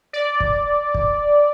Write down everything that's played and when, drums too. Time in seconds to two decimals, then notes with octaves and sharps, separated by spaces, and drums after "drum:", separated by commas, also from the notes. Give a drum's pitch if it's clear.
0.13 D5
0.40 drum: kick
0.94 drum: kick